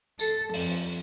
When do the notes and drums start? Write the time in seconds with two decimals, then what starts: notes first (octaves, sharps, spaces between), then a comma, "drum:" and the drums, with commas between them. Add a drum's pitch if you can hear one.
0.19 A4, drum: tambourine
0.54 F2, drum: open hi-hat